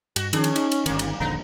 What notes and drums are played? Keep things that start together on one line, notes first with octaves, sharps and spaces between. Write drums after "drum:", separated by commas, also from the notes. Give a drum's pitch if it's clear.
G2 F#4, drum: cymbal
D#3 F3 C#4 D4 G#4, drum: cymbal
drum: cymbal
D#4, drum: cymbal
drum: cymbal
G1 D#3 G3 A#3, drum: cymbal
drum: cymbal
D#1 A#1 D3 B3 D#4 A#5